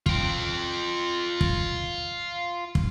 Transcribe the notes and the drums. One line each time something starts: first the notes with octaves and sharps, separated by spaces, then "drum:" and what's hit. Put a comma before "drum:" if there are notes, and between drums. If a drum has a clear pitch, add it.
F4 G5, drum: kick
drum: kick
drum: kick